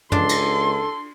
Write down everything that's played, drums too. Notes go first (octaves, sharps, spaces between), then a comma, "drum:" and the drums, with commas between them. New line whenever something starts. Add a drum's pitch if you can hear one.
C#2 D4 A4 C6, drum: tom
drum: cymbal